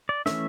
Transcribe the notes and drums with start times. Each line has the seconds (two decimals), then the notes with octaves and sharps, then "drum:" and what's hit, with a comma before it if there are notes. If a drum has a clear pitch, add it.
0.09 D5
0.26 E3 A3 C#4 E5, drum: snare